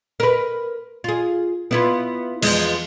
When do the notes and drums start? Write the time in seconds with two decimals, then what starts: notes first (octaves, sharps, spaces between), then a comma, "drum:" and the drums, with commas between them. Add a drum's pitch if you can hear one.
0.20 A#4 B4
1.04 F4 G#4
1.71 B3 E4 F4
2.43 E2 F3 G#3, drum: cymbal